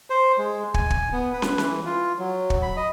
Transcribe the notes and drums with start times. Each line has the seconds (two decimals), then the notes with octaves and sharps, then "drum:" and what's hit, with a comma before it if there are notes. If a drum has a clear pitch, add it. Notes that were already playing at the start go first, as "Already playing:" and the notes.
0.10 C5
0.38 G#3
0.74 G#5, drum: kick
0.90 drum: kick
1.13 B3
1.33 B4
1.42 drum: snare
1.58 E3, drum: snare
1.86 F4
2.19 F#3
2.50 drum: kick
2.62 B5
2.77 D#5